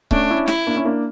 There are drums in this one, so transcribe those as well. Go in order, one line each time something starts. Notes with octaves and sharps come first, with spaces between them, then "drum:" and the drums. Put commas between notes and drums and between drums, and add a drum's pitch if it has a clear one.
A3 C#4 D4, drum: kick C#1
C#4 E4
E4, drum: snare
A#3 D4
C#4 E4
A#3 D4